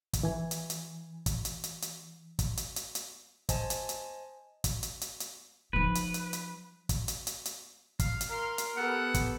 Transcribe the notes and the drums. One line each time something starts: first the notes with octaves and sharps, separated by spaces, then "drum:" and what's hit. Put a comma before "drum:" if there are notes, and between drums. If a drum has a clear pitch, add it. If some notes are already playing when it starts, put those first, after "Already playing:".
drum: kick, hi-hat
E3 G#5
drum: hi-hat
drum: hi-hat
drum: kick, hi-hat
drum: hi-hat
drum: hi-hat
drum: hi-hat
drum: kick, hi-hat
drum: hi-hat
drum: hi-hat
drum: hi-hat
C5 D#5 G#5 A5, drum: kick, hi-hat
drum: hi-hat
drum: hi-hat
drum: kick, hi-hat
drum: hi-hat
drum: hi-hat
drum: hi-hat
F3 D#4 B4
drum: hi-hat
drum: hi-hat
drum: hi-hat
drum: kick, hi-hat
drum: hi-hat
drum: hi-hat
drum: hi-hat
F5, drum: kick, hi-hat
drum: hi-hat
A#4 F5 C6
drum: hi-hat
B3 G4 A4 F#5
drum: kick, hi-hat